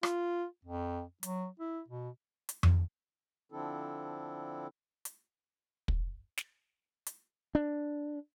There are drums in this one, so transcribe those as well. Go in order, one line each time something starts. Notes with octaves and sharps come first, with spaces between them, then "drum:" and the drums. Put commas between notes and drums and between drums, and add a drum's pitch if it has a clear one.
F4, drum: rim click
F2
F#3, drum: hi-hat
E4
B2
drum: hi-hat
drum: tom F2
D3 F3 C4 D4 E4 A4
drum: hi-hat
drum: kick
drum: snare
drum: hi-hat
D4